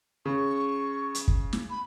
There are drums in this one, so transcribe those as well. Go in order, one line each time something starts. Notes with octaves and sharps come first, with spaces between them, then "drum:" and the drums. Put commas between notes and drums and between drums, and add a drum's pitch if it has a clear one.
C#3 C#6
drum: hi-hat
drum: kick
drum: snare
B5